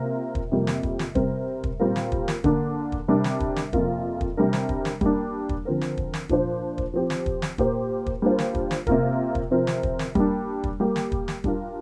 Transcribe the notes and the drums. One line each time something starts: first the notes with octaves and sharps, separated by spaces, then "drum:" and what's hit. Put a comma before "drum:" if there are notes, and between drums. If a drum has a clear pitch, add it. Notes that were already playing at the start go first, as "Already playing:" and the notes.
Already playing: C3 A#3 F4 A#4
drum: kick
F2 C3 G3 A#3
drum: snare
drum: kick
drum: snare
C3 G3 C4 A#4, drum: kick
drum: kick
A#2 G3 C4 F4 A#4
drum: snare
drum: kick
drum: snare
D3 A#3 D4, drum: kick
drum: kick
C3 G3 D4 A#4
drum: snare
drum: kick
drum: snare
F2 C3 A#3 F4 A#4, drum: kick
drum: kick
C3 G3 D4 A#4
drum: snare
drum: kick
drum: snare
G3 A#3 D4, drum: kick
drum: kick
D3 F3 C4 A#4
drum: snare
drum: kick
drum: snare
A#2 F3 D4 F4 C5, drum: kick
drum: kick
F3 C4 G4
drum: snare
drum: kick
drum: snare
A#2 A#3 G4 C5, drum: kick
drum: kick
G3 A#3 D4 F4 C5
drum: snare
drum: kick
drum: snare
C3 A#3 F4 A#4, drum: kick
drum: kick
C3 F3 C4 A#4
drum: snare
drum: kick
drum: snare
G3 A#3 D4, drum: kick
drum: kick
G3 A#3 G4
drum: snare
drum: kick
drum: snare
G3 D4 F4 A#4, drum: kick